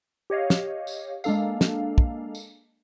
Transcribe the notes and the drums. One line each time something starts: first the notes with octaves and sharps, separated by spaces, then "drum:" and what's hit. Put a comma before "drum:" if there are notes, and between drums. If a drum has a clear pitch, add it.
G4 C#5 D#5 F5
drum: snare
drum: tambourine
G#3 A#3 D4 A4 F5, drum: tambourine
drum: snare
drum: kick
drum: tambourine